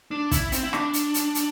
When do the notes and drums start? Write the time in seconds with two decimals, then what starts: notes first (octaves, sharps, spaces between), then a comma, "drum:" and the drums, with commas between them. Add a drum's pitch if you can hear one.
0.11 D4
0.31 E4, drum: kick, hi-hat
0.52 C4, drum: hi-hat
0.63 E4
0.73 D4, drum: rim click
0.93 drum: hi-hat
1.14 drum: hi-hat
1.35 drum: hi-hat